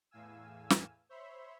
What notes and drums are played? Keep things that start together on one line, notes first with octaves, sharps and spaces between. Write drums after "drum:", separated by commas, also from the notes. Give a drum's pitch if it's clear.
E2 A2 F5 G#5 E6
drum: snare
C5 C#5 E5 B5 C6